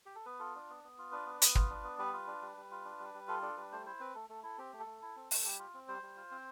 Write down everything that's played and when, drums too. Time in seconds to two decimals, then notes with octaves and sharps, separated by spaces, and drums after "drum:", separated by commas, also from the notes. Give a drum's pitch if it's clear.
0.06 G4
0.15 A4
0.26 B3 B4
0.39 F4 A4
0.55 D4
0.69 B3
0.84 B3
0.98 F4
1.12 D4 B4
1.26 B3
1.42 B3, drum: hi-hat
1.55 F4, drum: kick
1.70 D4
1.84 B3
1.99 G3 B4
2.13 F4
2.27 D4
2.42 G3
2.57 G3
2.71 F4
2.85 D4
3.00 G3
3.14 G3
3.28 F4 A4
3.42 D4 A4
3.57 G3 B4
3.72 A3 C5
3.86 E4 C5
4.00 C4 B4
4.15 A3 A4
4.29 A3 A4
4.43 E4 A4
4.58 C4 G4
4.73 A3
4.80 A4
4.86 A3
5.02 E4
5.16 C4
5.31 A3, drum: open hi-hat
5.45 G3 G4
5.59 F4
5.74 C4
5.88 G3 C5
6.02 G3
6.17 F4
6.31 C4